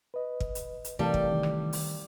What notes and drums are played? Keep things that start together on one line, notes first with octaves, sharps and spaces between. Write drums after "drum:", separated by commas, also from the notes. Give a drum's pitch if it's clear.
B4 D#5
drum: kick
drum: hi-hat
drum: hi-hat
C3 E3 G3 A3 A#4 F5
drum: kick
D#3
drum: rim click
drum: open hi-hat